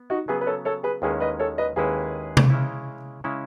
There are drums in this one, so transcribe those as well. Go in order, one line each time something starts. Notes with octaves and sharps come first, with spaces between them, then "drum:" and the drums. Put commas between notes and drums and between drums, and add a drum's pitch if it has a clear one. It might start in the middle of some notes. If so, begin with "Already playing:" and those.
Already playing: B3
D#4 F#4
C#3 F#3 B3 G#4 B4
B4
A4 C#5
A4 C#5
G#4 B4
D#2 D#3 G#3 C#4 E4 G#4 B4
B4 D#5
A4 C#5
B4 D#5
D#2 D#3 G#3 C#4 E4 G#4 B4
drum: tom C3
C#3 G#3 C#4 E4
C#3 G#3 C#4 E4